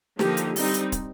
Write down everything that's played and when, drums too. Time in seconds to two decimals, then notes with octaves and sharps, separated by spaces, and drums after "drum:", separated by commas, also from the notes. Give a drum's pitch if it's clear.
0.19 D3 F3 A#3 D#4 G4, drum: snare
0.37 drum: hi-hat
0.56 G3 C4 D#4, drum: open hi-hat
0.74 drum: hi-hat
0.92 drum: kick, hi-hat